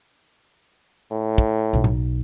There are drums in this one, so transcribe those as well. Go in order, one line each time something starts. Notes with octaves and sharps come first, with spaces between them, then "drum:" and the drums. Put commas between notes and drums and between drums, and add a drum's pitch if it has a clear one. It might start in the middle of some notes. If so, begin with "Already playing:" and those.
A2
drum: kick
B1
drum: tom A2